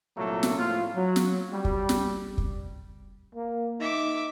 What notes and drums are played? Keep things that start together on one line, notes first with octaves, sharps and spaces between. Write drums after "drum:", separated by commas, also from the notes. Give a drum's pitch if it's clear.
C2 A#2 F#3 A3 A#3
drum: snare
A2 F3 F4
F#3
drum: snare
G3
drum: kick
drum: snare
drum: kick
A#3
D#4 E5 D6